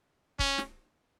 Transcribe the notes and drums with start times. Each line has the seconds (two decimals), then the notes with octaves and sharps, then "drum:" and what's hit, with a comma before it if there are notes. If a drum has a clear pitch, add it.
0.39 C#4, drum: kick
0.58 drum: snare